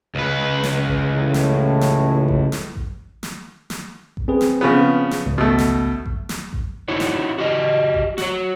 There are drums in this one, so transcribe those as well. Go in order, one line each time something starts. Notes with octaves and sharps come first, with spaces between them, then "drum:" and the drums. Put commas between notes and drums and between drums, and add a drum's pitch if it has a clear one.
C#2 B4
drum: snare
drum: kick A1
A1 A2
drum: snare
drum: snare
drum: kick A1
drum: snare
drum: kick A1
drum: snare
drum: snare
drum: kick A1
C4 G#4 B4
drum: snare
C#3 F3 B3
drum: snare
G#1 C#2
B2 A3
drum: snare
drum: kick A1
drum: snare
drum: kick A1
D#4 E4 F#4 C#5
drum: snare
F#4 G4 D#5
drum: kick A1
F#4 C#5, drum: snare